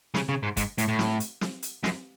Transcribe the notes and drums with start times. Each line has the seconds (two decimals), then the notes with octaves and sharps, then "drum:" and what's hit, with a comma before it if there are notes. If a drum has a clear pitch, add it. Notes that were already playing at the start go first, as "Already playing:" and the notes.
0.15 C#3, drum: snare
0.29 C#3
0.43 G#2
0.57 G#2, drum: kick, hi-hat
0.78 A2, drum: hi-hat
0.88 A2
0.99 drum: snare
1.20 drum: hi-hat
1.41 drum: snare
1.63 drum: hi-hat
1.84 F#2, drum: snare